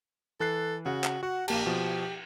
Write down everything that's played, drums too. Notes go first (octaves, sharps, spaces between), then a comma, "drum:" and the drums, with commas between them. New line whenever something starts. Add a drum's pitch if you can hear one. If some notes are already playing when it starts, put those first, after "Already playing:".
E3 A4 F#6 C7
C#3 F#4 F#5
drum: clap
F#4 F#5
A#1 A#3 G4 A5, drum: cymbal
B2 F3